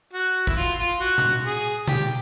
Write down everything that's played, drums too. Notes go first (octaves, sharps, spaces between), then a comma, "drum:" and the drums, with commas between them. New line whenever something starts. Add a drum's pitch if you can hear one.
F#4
E4, drum: kick G#1
F4
F4
F#4
drum: tom B2
G#4
G4, drum: tom B2